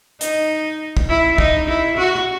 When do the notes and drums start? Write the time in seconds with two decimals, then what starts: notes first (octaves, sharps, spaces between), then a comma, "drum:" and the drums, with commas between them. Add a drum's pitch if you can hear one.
0.21 D#4, drum: hi-hat
0.97 drum: kick
1.09 E4
1.38 D#4, drum: kick
1.69 E4
1.97 F#4